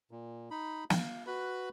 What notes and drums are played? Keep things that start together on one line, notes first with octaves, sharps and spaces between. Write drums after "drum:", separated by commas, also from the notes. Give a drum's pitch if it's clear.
A#2
D#4 B5
F5, drum: snare
F#4 B4 B5